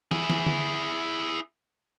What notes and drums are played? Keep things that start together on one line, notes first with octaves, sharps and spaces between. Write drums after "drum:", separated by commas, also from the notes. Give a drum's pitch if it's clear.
E4 G#4, drum: snare
drum: snare
drum: tom D3